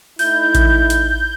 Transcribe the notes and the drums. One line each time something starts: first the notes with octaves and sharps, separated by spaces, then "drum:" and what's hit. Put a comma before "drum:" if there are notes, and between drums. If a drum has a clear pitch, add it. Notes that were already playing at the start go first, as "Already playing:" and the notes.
A3 D#4 E4 G6, drum: open hi-hat
drum: kick A1, hi-hat
drum: hi-hat